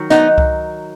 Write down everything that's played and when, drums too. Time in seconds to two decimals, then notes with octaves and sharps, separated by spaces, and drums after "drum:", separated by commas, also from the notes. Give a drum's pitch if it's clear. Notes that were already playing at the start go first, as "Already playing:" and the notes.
Already playing: D#3 F#3
0.10 B3 D#4, drum: snare
0.38 drum: kick C2